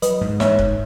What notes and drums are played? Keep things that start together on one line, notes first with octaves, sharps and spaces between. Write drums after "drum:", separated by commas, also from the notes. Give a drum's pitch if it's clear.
F#3 B4 D#5, drum: hi-hat
G#2
G#2 C#5 E5, drum: snare
G#2, drum: kick